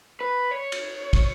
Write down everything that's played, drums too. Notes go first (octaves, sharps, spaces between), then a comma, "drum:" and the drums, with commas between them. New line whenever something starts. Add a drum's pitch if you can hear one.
B4
C#5
drum: cymbal
drum: kick, cymbal